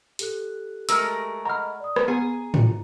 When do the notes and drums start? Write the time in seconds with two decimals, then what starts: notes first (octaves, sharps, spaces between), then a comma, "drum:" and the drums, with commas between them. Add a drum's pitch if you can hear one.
0.19 G4 A4 F#6, drum: hi-hat
0.89 G#3 A3 A#4 E6 F6, drum: hi-hat
1.45 D#5 F#5 A#5 B5 F6
1.80 D5 D#6
1.96 drum: rim click
2.08 B3 G#4 A#5
2.54 drum: tom G#2